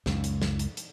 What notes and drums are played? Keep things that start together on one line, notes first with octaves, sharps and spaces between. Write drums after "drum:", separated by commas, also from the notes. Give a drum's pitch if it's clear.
C#2 F#2, drum: snare
drum: hi-hat
drum: snare
drum: hi-hat
drum: hi-hat